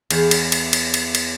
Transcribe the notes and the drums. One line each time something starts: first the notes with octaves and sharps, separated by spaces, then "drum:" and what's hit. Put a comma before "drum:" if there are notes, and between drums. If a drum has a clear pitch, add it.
E2, drum: cymbal
drum: cymbal
drum: cymbal
drum: cymbal
drum: cymbal
drum: cymbal